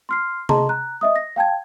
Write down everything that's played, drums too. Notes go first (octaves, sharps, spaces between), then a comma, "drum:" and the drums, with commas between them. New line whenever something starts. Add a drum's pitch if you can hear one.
C6 F6 C7
G#4 D#5 A5 A#5 C6, drum: tom C3
A#5 F#6
D#5 E5 D#6
A#6
F5 G5 A5 G#6